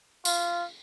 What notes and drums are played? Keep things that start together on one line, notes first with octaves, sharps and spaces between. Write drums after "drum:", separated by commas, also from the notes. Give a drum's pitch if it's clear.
F4, drum: tambourine